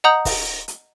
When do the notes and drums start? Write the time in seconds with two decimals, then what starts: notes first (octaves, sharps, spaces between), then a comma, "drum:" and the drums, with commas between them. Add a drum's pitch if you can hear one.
0.04 D#5 F#5 A#5 D#6 G6 F#7
0.25 drum: kick, open hi-hat
0.68 drum: hi-hat